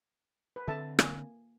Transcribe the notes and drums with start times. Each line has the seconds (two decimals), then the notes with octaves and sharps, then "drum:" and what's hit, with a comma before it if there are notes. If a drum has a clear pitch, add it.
0.56 B4
0.68 D3 C4 A4 E5 A5
0.99 A#3 G#5, drum: rim click